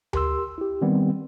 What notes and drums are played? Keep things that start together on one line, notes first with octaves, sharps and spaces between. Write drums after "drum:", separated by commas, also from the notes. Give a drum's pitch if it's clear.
G4 A#4 C6 E6, drum: tom D2
E4 G4
D#3 G3 B3 C4